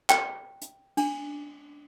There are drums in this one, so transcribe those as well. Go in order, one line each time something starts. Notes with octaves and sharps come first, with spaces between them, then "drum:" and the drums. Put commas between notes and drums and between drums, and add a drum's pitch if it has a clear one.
G5, drum: clap
drum: hi-hat
D4, drum: cymbal